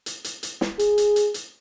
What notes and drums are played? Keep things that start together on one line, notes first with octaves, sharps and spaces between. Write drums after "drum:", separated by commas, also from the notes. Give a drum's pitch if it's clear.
drum: hi-hat
drum: hi-hat
drum: hi-hat
drum: snare
G#4, drum: hi-hat
drum: hi-hat
drum: hi-hat
drum: hi-hat